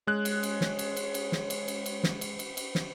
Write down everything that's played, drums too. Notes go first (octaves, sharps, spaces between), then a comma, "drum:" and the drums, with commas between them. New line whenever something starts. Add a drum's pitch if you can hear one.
G#3 C#4 F#6
drum: cymbal
drum: cymbal
drum: snare
drum: cymbal
drum: cymbal
drum: cymbal
drum: snare
drum: cymbal
drum: cymbal
drum: cymbal
drum: snare
drum: cymbal
drum: cymbal
drum: cymbal
drum: snare